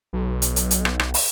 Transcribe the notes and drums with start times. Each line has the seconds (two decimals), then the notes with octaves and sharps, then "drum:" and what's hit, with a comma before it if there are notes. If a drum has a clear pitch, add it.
0.13 B1
0.42 drum: hi-hat
0.56 drum: hi-hat
0.71 drum: hi-hat
0.85 drum: rim click
0.99 drum: rim click
1.14 drum: open hi-hat